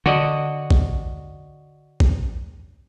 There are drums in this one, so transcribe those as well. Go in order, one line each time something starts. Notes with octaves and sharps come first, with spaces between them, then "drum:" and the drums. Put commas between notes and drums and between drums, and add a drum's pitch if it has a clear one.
D3 F#4 D5 D#5
drum: kick A1
drum: kick A1